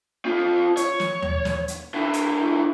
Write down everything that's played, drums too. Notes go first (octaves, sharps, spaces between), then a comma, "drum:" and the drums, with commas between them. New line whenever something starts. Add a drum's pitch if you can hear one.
C4 F4
C#5, drum: hi-hat
drum: snare
drum: tom D#2
drum: snare
drum: hi-hat
D3 E4
drum: hi-hat